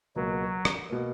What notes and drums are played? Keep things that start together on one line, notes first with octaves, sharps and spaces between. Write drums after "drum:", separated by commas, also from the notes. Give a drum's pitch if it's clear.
C#2 B2 F#3 A#3
drum: rim click
B2 A#3